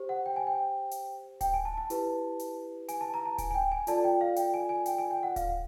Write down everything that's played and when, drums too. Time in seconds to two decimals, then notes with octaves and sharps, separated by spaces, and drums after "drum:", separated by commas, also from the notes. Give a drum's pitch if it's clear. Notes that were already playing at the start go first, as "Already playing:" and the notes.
Already playing: G4 C5
0.09 F#5
0.26 G5
0.36 G#5
0.47 G5
0.91 drum: hi-hat
1.41 G5, drum: kick D1, hi-hat
1.54 G#5
1.65 A5
1.77 A5
1.90 E4 G4 B4, drum: hi-hat
2.39 drum: hi-hat
2.89 G#5, drum: hi-hat
3.01 A5
3.14 A#5
3.25 A5
3.38 G#5, drum: kick D1, hi-hat
3.51 G#5
3.54 G5
3.72 G#5
3.87 F4 A4 D5 A5, drum: hi-hat
4.04 G5
4.21 F5
4.36 G5, drum: hi-hat
4.54 G#5
4.69 G#5
4.86 G5, drum: hi-hat
4.98 G#5
5.11 G5
5.23 F#5
5.36 F5, drum: kick D1, hi-hat